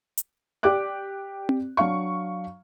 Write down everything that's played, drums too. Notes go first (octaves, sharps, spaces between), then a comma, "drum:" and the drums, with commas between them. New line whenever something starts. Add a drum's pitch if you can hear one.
drum: hi-hat
G4 D5 G5 D6 F#6
drum: tom C4
F#3 D4 F5 C#6